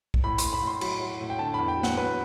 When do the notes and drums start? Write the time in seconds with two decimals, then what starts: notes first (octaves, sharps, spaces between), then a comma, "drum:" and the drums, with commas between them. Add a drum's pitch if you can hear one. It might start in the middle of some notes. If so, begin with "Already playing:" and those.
0.14 drum: kick B1
0.24 A2 B5
0.38 A2 C6, drum: hi-hat
0.53 B5
0.62 A2 C6
0.81 F#3 B5, drum: cymbal
1.01 F#3
1.21 A2
1.30 G5
1.39 D3 A5
1.54 E2 B5
1.68 G5
1.77 F#3
1.83 F#5, drum: snare
1.97 F#3 B4